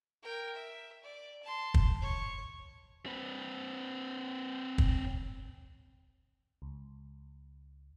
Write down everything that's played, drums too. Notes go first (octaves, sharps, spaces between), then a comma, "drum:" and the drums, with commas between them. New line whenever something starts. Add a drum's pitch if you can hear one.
A#4 G5
E5
D5
A5 C6
drum: kick
C#5
C4 B4
drum: kick
C#2